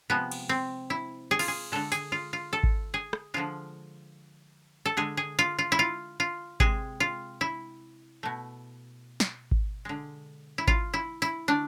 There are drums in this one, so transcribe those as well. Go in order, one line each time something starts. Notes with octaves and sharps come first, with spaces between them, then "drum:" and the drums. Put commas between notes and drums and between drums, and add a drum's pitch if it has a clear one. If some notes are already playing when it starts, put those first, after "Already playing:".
C3 F3 G#3 B3
drum: cymbal
C4
E4
G#4
F4, drum: cymbal
G#4
D3 G#3 A4
G#4, drum: tambourine
F4
F4
A4
drum: kick G#1
G#4
drum: rim click
D3 F3 G#3 F4
A4
D3 G#3 G#4
G#4
F4
F4
E4
F4
F4
C3 G#3 G#4, drum: kick G#1
F4
E4
B2 A3
drum: snare
drum: kick G#1
D3 G#3
E4
F4, drum: kick G#1
E4
E4, drum: hi-hat
D3 A3 D4